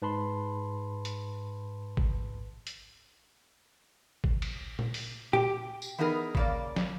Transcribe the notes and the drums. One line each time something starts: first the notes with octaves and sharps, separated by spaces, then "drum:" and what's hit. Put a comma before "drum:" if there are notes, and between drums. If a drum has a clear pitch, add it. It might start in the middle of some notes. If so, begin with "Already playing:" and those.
G#2 B4 A5 B5 C6
drum: hi-hat
drum: kick G#1
drum: hi-hat
drum: kick G#1
drum: cymbal
drum: tom A#2
drum: open hi-hat
G4, drum: tom A#2
drum: tambourine
E3 B3 D#4 G#4 A#4
C#3 A#3 D5, drum: kick G#1
drum: snare